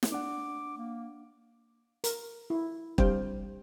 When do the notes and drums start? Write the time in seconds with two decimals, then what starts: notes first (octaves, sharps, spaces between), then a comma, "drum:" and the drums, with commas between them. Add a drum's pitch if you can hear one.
0.03 drum: snare
0.12 D4 F#5 D6
0.78 A#3
2.04 A#4, drum: hi-hat
2.50 E4
2.98 G3 C4 D4 C5 F5 G5, drum: kick